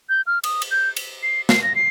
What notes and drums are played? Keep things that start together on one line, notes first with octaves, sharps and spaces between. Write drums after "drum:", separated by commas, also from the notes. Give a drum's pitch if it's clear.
G6
F6
D#6, drum: cymbal
drum: cymbal
G6
drum: cymbal
C7
C7, drum: snare
A#6
C7